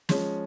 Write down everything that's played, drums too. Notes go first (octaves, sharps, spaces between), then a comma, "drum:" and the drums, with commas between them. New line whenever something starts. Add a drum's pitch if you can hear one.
F3 G#3 C#4, drum: snare